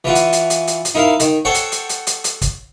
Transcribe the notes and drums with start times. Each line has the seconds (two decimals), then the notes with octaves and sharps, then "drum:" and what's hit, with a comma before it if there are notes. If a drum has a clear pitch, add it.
0.04 E3 F4 F#4
0.15 drum: hi-hat
0.33 drum: hi-hat
0.50 drum: hi-hat
0.67 drum: hi-hat
0.85 drum: hi-hat
0.95 D#4 E4 A#4 F5
1.20 D#3, drum: hi-hat
1.45 A4 C5 C#5 F#5 G5
1.54 drum: hi-hat
1.72 drum: hi-hat
1.89 drum: hi-hat
2.07 drum: hi-hat
2.24 drum: hi-hat
2.41 drum: kick, hi-hat